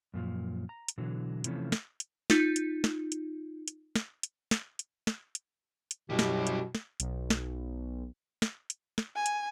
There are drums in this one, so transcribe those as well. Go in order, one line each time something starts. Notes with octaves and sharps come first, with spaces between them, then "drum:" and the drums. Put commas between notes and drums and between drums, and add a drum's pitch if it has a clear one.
F#2 A#2 F3
A#5
drum: hi-hat
B2 D3 E3 F#3
C3 E3 F3 A3 C#4, drum: hi-hat
drum: snare
drum: hi-hat
D#4 F4, drum: snare
drum: hi-hat
drum: snare
drum: hi-hat
drum: hi-hat
drum: snare
drum: hi-hat
drum: snare
drum: hi-hat
drum: snare
drum: hi-hat
drum: hi-hat
F#2 B2 G3 E4 G4
drum: snare
drum: hi-hat
drum: snare
B1, drum: hi-hat
drum: snare
drum: snare
drum: hi-hat
drum: snare
G#5
drum: hi-hat